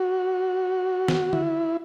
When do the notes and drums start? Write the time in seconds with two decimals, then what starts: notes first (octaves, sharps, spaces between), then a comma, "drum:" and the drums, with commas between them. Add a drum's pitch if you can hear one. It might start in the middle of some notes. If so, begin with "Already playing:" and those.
Already playing: F#4
1.08 drum: snare
1.33 E4, drum: tom D3